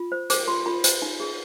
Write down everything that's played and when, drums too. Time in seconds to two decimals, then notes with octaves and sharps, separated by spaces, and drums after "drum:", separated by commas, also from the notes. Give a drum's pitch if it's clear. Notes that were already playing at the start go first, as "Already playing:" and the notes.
Already playing: F4
0.12 C5
0.30 C5 D6, drum: hi-hat
0.48 F4 C6
0.66 F4 B5
0.84 C5, drum: hi-hat
1.02 D#4
1.20 G#4